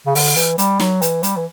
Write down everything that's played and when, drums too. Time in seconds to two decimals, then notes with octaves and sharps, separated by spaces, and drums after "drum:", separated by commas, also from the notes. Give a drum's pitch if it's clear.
0.06 C#3
0.15 D3, drum: open hi-hat
0.36 E3, drum: hi-hat
0.58 G3, drum: hi-hat
0.80 F#3, drum: snare
1.02 E3, drum: hi-hat
1.23 G3, drum: hi-hat
1.37 E3